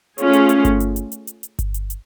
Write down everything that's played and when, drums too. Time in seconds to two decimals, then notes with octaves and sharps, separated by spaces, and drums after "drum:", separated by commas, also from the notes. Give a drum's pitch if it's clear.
0.18 A3 C#4 F4 G#4, drum: hi-hat
0.33 drum: hi-hat
0.49 drum: hi-hat
0.65 drum: kick G1, hi-hat
0.80 drum: hi-hat
0.96 drum: hi-hat
1.12 drum: hi-hat
1.27 drum: hi-hat
1.43 drum: hi-hat
1.59 drum: kick G1, hi-hat
1.74 drum: hi-hat
1.90 drum: hi-hat